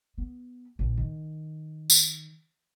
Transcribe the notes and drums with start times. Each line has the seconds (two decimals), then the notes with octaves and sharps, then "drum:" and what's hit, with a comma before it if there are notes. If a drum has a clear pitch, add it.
0.18 B3
0.79 A#1
0.97 D#3
1.90 drum: tambourine